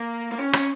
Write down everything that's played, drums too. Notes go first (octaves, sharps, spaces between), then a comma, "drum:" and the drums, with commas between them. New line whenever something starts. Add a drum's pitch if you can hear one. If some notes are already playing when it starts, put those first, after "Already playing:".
Already playing: A#3
A#3
C#4
C#4, drum: rim click